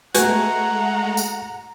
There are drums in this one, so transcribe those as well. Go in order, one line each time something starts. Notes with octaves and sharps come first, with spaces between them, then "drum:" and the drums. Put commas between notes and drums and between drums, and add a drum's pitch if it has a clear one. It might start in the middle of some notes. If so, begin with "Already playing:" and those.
G#3 A3 F#4 B4 F#5 G#5 A#5, drum: hi-hat
drum: tambourine